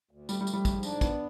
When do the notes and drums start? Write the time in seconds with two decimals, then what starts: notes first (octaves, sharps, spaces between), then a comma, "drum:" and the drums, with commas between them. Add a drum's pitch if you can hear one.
0.11 D2
0.29 G3 A3, drum: tambourine
0.41 G3
0.47 F3, drum: tambourine
0.53 G3
0.65 G#2, drum: kick, tambourine
0.83 D4, drum: tambourine
1.01 B3, drum: kick, tambourine